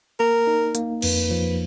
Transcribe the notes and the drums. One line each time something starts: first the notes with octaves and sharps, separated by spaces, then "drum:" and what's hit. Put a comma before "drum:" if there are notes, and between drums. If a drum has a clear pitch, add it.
A#3 A#4
D#4
A#3, drum: hi-hat
F2 B4, drum: cymbal
F3